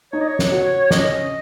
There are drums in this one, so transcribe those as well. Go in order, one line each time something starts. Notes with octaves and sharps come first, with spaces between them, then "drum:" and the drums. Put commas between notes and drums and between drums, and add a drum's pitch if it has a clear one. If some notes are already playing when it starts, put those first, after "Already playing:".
D#4 C#5
D#5
C#5
drum: snare
F#4
C#4 D#5, drum: snare